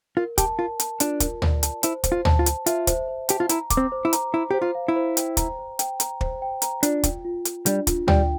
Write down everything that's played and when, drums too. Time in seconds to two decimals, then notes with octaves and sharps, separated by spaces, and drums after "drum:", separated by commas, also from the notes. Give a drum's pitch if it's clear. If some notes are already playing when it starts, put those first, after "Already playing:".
0.17 F4 A#4
0.38 G4 A5, drum: kick, hi-hat
0.59 F4 A#4
0.80 A5, drum: hi-hat
1.00 D4 F4, drum: hi-hat
1.20 A#4, drum: kick, hi-hat
1.42 D5, drum: tom
1.63 A5, drum: hi-hat
1.83 E4 C5, drum: hi-hat
2.04 C5, drum: kick, hi-hat
2.12 F4
2.25 A5, drum: tom
2.39 F4
2.46 A5, drum: hi-hat
2.66 F4 E5, drum: hi-hat
2.87 C5, drum: kick, hi-hat
3.08 C5
3.29 G4 A5, drum: hi-hat
3.40 F4
3.49 E4 A#5, drum: hi-hat
3.70 D6, drum: kick, hi-hat
3.77 C4
3.92 C5
4.05 E4
4.13 A#5, drum: hi-hat
4.33 E4 C5
4.51 G4 C5
4.62 F4
4.75 F5
4.88 E4
4.96 C5
5.17 G5, drum: hi-hat
5.37 A#5, drum: kick, hi-hat
5.59 C5
5.79 G5, drum: hi-hat
6.00 A#5, drum: hi-hat
6.21 C5, drum: kick
6.42 G5
6.62 A#5, drum: hi-hat
6.83 D4 F4, drum: hi-hat
7.03 G5, drum: kick, hi-hat
7.25 F4
7.45 F4, drum: hi-hat
7.66 G3 D4, drum: hi-hat
7.87 F4, drum: kick, hi-hat
8.08 G3 G5, drum: tom